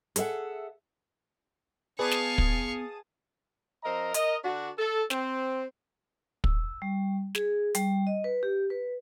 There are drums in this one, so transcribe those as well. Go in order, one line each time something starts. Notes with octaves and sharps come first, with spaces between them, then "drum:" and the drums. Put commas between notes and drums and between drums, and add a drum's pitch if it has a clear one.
G#4 A4 C5 E5 F#5, drum: hi-hat
B3 G#4 B4 D5 F5 A5 C#6 D#6
drum: snare
drum: kick
F3 C4 A#4 D#5 A#5
A#4 D#5, drum: hi-hat
D3 D4 F#4
A4
C4, drum: snare
E6, drum: kick
G3
G#4, drum: snare
G3, drum: hi-hat
D#5
B4
G4
B4